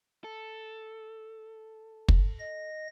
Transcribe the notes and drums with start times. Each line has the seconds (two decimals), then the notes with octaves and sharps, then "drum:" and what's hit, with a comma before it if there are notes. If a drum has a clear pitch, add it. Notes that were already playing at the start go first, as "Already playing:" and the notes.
0.24 A4
2.08 drum: kick
2.39 D#5 A#6